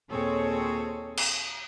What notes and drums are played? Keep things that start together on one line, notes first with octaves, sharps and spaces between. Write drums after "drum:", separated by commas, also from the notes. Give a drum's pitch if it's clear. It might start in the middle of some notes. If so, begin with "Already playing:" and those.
D#2 A#2 C4 G#4 A4 C#5
drum: cymbal